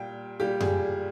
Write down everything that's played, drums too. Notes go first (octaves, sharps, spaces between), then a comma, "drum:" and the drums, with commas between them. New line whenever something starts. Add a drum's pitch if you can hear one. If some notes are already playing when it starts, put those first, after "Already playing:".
Already playing: A#2 G3 G5
A#2 G3 G4
G#4, drum: tom F#2